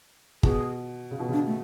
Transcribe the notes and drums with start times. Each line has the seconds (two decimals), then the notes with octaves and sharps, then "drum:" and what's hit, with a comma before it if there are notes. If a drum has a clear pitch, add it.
0.43 B2 G#4, drum: kick
1.11 C#3
1.19 B2
1.28 C#3 D4
1.47 A3